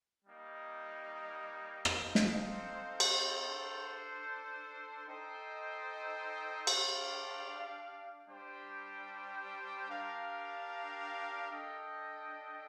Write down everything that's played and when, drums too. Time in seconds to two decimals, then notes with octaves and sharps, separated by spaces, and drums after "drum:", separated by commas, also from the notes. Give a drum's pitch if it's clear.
0.24 G3 A#3 D#4
1.85 C4 D#4 A4 C5 F5, drum: rim click
2.15 drum: snare
3.00 drum: cymbal
3.46 D4 A4 C5
5.07 D#4 A4 C5 D#5 G5
6.67 D4 G4 D5 F5, drum: cymbal
8.28 G3 D4 G4 C5 G5
9.89 D4 G4 A#4 F5
11.50 D4 A4 D#5 G5